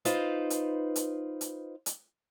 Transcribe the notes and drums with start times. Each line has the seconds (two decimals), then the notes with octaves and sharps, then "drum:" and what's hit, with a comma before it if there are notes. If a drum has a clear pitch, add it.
0.05 D#4 F4 B4 C5, drum: hi-hat
0.50 drum: hi-hat
0.96 drum: hi-hat
1.41 drum: hi-hat
1.86 drum: hi-hat